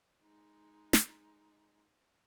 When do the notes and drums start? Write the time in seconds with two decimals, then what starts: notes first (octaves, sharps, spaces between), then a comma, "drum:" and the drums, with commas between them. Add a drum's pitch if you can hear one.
0.22 G#3 D#4
0.93 drum: snare